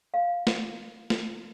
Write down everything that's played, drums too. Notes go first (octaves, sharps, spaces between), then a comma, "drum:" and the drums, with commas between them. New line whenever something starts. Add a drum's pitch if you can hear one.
F5
drum: snare
drum: snare